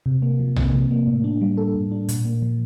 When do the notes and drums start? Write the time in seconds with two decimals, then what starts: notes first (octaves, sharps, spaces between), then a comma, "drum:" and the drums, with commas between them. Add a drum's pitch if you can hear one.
0.06 C3
0.22 A#3
0.39 F3
0.56 C3, drum: tom B1
0.74 C3
0.91 A#3
1.07 A2
1.24 D4
1.41 G3
1.57 A4
1.75 A2
1.92 D4
2.09 A#2, drum: hi-hat
2.25 A#3
2.42 F3